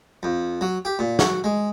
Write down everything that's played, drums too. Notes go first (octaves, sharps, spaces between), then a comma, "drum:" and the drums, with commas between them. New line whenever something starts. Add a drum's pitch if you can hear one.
F2
F#3
G4
A#2
F#4, drum: snare
G#3